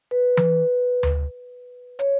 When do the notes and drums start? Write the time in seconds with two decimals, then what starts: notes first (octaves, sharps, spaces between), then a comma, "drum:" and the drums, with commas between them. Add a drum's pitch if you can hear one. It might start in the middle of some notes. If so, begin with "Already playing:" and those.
0.11 B4
0.37 drum: tom E3
1.03 drum: tom D2
1.99 C#5, drum: hi-hat